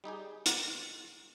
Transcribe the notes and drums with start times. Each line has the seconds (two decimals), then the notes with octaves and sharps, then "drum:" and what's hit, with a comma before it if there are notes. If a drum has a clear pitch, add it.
0.04 G3 D#4 G4 G#4
0.46 drum: hi-hat